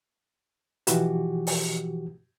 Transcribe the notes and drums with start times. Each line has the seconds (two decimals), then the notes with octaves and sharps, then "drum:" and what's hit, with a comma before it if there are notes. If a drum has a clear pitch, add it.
0.87 B2 E3 F3 F#4 G4, drum: hi-hat
1.47 drum: open hi-hat